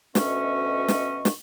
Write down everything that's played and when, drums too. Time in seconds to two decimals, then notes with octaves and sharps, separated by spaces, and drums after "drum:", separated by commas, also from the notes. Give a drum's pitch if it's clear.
0.15 D2 B2 C#4 D#5 E5 C#6, drum: snare
0.88 drum: snare
1.25 drum: snare